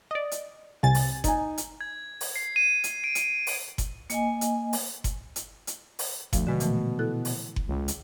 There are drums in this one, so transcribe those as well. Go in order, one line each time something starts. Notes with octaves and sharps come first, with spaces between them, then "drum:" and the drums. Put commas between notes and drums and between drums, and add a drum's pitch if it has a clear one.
D5 D#5
drum: hi-hat
C2 C3 G#5 A6
drum: open hi-hat
D#4 G#5, drum: kick F#1, hi-hat
drum: hi-hat
G#6
drum: open hi-hat
C7
D#7
drum: hi-hat
D7
drum: hi-hat
drum: open hi-hat
drum: kick F#1, hi-hat
A#3 D#5 G#5, drum: hi-hat
drum: hi-hat
drum: open hi-hat
drum: kick F#1, hi-hat
drum: hi-hat
drum: hi-hat
drum: open hi-hat
D2 F3, drum: kick F#1, hi-hat
B2 D3 G#3
A#2 E3 A3, drum: hi-hat
E4 A4 F#6
drum: open hi-hat
drum: kick F#1
C#2
drum: hi-hat